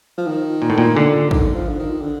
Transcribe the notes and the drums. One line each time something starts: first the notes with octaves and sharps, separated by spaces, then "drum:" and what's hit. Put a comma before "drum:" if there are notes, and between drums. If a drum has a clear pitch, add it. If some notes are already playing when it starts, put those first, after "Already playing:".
F3
D#3
A#2
A2
A#2
D3
D#3, drum: kick
F3
D3
D#3
D3